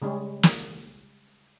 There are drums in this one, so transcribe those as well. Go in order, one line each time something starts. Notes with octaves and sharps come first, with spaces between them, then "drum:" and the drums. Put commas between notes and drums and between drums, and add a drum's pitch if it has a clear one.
C#3 G3 G#3 C#4
drum: snare